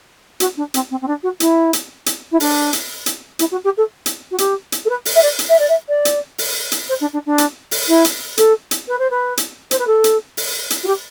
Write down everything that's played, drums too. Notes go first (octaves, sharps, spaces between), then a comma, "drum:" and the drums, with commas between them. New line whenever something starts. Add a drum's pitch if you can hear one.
F#4, drum: hi-hat
D4
C4, drum: hi-hat
C4
C4
D4
F#4
E4, drum: hi-hat
drum: hi-hat
drum: hi-hat
E4
D4, drum: open hi-hat
drum: hi-hat
drum: hi-hat
E4, drum: hi-hat
F#4
G4
A4
drum: hi-hat
F#4
G4, drum: hi-hat
drum: hi-hat
A4
B4
drum: open hi-hat
E5
D5
drum: hi-hat
E5
D5
E5
D5
drum: hi-hat
drum: open hi-hat
drum: hi-hat
C5
D4
D4
D4
drum: hi-hat
drum: open hi-hat
E4
drum: hi-hat
A4, drum: hi-hat
drum: hi-hat
B4
C5
B4
drum: hi-hat
C5, drum: hi-hat
B4
A4
drum: hi-hat
drum: open hi-hat
drum: hi-hat
F#4
G4